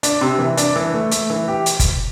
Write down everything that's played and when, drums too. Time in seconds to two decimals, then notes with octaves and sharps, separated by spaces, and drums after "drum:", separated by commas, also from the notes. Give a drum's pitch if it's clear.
0.03 D4, drum: hi-hat
0.21 C3
0.39 E3
0.57 D4, drum: hi-hat
0.76 E3
0.93 A3
1.11 A3, drum: hi-hat
1.30 E3
1.48 G4
1.66 drum: hi-hat
1.80 drum: kick, hi-hat